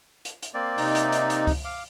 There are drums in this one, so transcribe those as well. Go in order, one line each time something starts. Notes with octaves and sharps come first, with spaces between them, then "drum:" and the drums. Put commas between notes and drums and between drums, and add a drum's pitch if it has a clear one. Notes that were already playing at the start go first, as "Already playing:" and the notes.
drum: hi-hat
drum: hi-hat
A#3 C4 D5
C3 D#4, drum: open hi-hat
drum: hi-hat
drum: hi-hat
drum: hi-hat
drum: kick C#2, open hi-hat
F5 D6